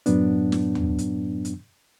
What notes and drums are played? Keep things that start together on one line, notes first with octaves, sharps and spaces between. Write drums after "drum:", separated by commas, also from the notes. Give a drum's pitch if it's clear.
F#2 A2 F#3 B3 D4, drum: hi-hat
drum: snare
drum: tom D#2
drum: hi-hat
drum: hi-hat